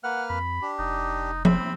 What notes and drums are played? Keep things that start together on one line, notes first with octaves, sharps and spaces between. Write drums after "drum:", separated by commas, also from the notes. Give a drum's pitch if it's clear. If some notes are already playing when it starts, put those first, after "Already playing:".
A#3 B4 F#5 F6
F2 B5
D4 G4
F1 D#4
C4 B5, drum: tom F3